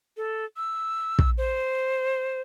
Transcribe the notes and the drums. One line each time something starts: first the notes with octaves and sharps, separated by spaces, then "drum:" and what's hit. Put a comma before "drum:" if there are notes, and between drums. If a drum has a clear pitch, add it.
A4
E6
drum: kick
C5